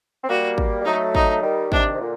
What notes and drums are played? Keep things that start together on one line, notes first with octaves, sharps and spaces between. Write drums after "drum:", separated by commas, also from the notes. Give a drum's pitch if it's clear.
C4
G3 A#3 F#4
drum: kick
G3
F#3 A3 D#4
D#4, drum: kick
D#3 G3
C3 D#3 D4, drum: kick
C3
A#2 D3